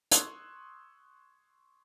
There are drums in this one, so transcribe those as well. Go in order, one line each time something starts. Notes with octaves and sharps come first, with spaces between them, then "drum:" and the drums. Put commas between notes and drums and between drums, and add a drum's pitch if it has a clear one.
C6 C#6 D#6 E6 F#6 G#6, drum: hi-hat